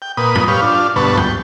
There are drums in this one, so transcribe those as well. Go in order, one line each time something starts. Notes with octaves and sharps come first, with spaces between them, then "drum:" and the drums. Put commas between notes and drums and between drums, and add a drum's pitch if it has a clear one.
G5
A#2 B4 D#6
drum: tom
G4 B4 C#5 F5
D4 F4
D2 G2 B2 B4 A5 C#6
G5, drum: tom